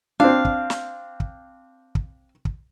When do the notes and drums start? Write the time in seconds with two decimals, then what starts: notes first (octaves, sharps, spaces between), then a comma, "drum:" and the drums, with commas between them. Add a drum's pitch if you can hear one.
0.20 C4 D4 F5
0.45 drum: kick
0.70 drum: snare
1.20 drum: kick
1.95 drum: kick
2.45 drum: kick